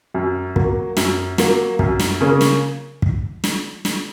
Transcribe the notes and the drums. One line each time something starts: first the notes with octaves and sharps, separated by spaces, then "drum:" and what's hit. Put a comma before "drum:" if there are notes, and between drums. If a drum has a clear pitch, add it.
F#2
F#3 A#3, drum: kick
F#2, drum: snare
F#3 A#3, drum: snare
F#2, drum: kick
drum: snare
C#3 A#3 C#4
drum: snare
drum: kick
drum: snare
drum: snare